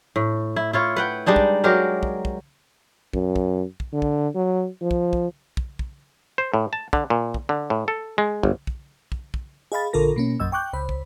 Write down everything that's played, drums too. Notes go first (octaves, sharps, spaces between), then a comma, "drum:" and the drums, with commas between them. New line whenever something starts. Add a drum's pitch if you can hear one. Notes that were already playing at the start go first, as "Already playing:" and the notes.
A2
E4
E4 F4 C#5
B4 F#5 G5
G3 G#3 D4 D#4
drum: kick
F#3 G#3 G4 A#4
drum: kick
drum: kick
F#2, drum: kick
drum: kick
drum: kick
D3
drum: kick
F#3
F3
drum: kick
drum: kick
drum: kick
drum: kick
C5
A2
A5
D3, drum: kick
A#2
drum: kick
D3
A2
A4
G#3
G1, drum: kick
drum: kick
drum: kick
drum: kick
G#4 D#5 F5 B5 A6
A#1 D3 F4 A4 A#4 A#6
B2 A#3 C#4
A#1 F#2 D#5 E6
G5 C#6 D6 F#6 G6
C#2 C5 B5
drum: kick